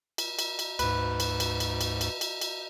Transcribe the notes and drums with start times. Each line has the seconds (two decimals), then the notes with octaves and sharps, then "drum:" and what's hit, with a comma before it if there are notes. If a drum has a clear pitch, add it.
0.18 drum: cymbal
0.39 drum: cymbal
0.59 drum: cymbal
0.79 D2 G#2 B4, drum: cymbal
1.20 drum: cymbal
1.40 drum: cymbal
1.60 drum: cymbal
1.81 drum: cymbal
2.01 drum: cymbal
2.21 drum: cymbal
2.41 drum: cymbal